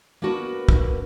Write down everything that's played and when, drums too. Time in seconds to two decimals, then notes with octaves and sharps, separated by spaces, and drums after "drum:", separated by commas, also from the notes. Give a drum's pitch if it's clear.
0.22 A#3 B3 D4 F#4 A#4 B4
0.69 drum: kick